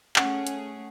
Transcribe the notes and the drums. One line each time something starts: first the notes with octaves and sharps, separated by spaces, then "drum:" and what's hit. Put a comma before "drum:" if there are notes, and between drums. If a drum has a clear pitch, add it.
A3 C#4 G#4 F#5, drum: clap
drum: hi-hat